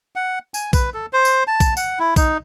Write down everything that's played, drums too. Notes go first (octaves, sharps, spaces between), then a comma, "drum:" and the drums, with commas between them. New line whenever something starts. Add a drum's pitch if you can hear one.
F#5
G#5, drum: tambourine
B4, drum: kick B1, tambourine
A4
C5
drum: tambourine
A5
drum: kick B1, tambourine
F#5, drum: tambourine
E4
D#4, drum: kick B1, tambourine